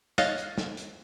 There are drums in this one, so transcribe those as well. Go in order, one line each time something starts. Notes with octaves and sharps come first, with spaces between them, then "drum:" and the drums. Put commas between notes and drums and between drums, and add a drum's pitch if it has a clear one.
C#5 D#5 F5 F6 F#6 A6, drum: snare
drum: hi-hat
drum: snare
drum: hi-hat